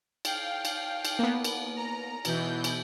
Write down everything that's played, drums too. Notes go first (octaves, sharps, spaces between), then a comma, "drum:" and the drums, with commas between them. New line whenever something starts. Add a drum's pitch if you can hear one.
F5 G5, drum: cymbal
drum: cymbal
drum: cymbal
A#3 B3
drum: cymbal
A#5
B2 E3 G6, drum: cymbal
drum: cymbal